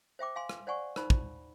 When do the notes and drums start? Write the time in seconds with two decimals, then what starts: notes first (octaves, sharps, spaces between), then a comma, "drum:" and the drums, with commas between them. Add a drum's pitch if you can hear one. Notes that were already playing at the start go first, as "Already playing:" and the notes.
0.19 C5 E5 G5 D6
0.36 F5 G#5 C6
0.49 drum: rim click
0.67 C5 D5 F#5 G#5 C#6
0.96 D#4 C5 B5, drum: rim click
1.10 drum: kick